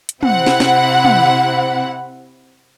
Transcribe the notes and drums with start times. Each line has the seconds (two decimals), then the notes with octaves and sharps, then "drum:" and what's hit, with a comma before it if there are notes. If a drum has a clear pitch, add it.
0.09 drum: hi-hat
0.23 C3 C4 E4 F#5, drum: tom
0.46 drum: snare
0.60 drum: snare
1.05 drum: tom